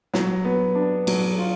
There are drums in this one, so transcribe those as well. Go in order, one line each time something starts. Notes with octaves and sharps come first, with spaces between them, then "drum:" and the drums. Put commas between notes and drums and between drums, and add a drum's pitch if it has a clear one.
F#3, drum: snare
B3
D4
F#3, drum: cymbal
F4